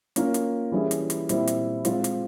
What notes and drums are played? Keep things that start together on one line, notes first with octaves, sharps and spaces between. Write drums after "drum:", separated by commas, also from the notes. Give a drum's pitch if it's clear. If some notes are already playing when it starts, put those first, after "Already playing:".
A#3 C#4 F4 A#4, drum: hi-hat
drum: hi-hat
E3 G3 C#4 E4 G#4
drum: hi-hat
drum: hi-hat
A#2 G3 C4 E4, drum: hi-hat
drum: hi-hat
G#3 C4 F4 C5, drum: hi-hat
drum: hi-hat